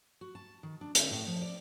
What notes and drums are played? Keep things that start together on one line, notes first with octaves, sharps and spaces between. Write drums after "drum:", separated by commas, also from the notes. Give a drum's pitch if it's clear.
F#4
A5
D#3
D4
D3, drum: hi-hat
A2
F3
D5